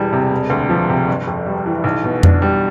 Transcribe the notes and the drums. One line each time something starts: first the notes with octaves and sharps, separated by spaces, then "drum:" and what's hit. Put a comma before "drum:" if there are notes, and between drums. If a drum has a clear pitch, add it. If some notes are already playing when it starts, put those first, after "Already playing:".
Already playing: E1 E2 G3
C3
E1
D2
F3
C3
G1
F2
G3
E3
B1
B2
D4, drum: tom F2
G3